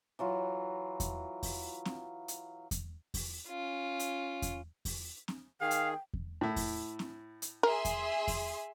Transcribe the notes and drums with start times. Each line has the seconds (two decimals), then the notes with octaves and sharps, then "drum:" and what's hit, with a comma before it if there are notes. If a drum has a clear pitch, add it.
0.19 E3 F#3 F4
1.00 drum: kick E2, hi-hat
1.43 drum: kick E2, open hi-hat
1.85 drum: snare C4
2.28 drum: hi-hat
2.71 drum: kick E2, hi-hat
3.14 drum: kick E2, open hi-hat
3.48 C#4 F4
3.99 drum: hi-hat
4.42 drum: kick E2, hi-hat
4.85 drum: kick E2, open hi-hat
5.28 drum: snare C4
5.61 D#3 G#4 F5 G5
5.71 drum: hi-hat
6.14 drum: kick E2
6.41 A2 E4
6.56 drum: kick E2, open hi-hat
6.99 drum: snare C4
7.42 drum: hi-hat
7.63 G#4 A#4 E5 C6
7.85 drum: kick E2, hi-hat
8.28 drum: kick E2, open hi-hat